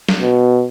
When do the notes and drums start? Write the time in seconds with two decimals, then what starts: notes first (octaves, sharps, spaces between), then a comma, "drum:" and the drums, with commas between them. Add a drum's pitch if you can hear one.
0.09 drum: snare
0.21 B2